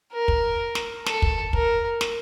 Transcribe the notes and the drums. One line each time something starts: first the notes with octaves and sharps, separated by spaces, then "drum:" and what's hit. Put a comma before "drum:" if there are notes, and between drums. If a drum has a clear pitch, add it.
A#4
drum: kick
drum: snare
A4, drum: snare
drum: kick
A#4, drum: kick
drum: snare